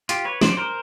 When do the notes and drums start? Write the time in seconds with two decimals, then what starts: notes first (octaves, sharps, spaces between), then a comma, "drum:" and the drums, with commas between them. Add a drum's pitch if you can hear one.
0.09 F4 G4, drum: hi-hat
0.25 B4 C#5
0.41 C5 D5, drum: snare
0.57 A#4 C5